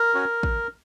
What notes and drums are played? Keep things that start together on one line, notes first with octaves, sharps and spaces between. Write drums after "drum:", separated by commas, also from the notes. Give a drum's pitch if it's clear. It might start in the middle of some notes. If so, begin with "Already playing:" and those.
Already playing: A#4
C#4 F#4
drum: kick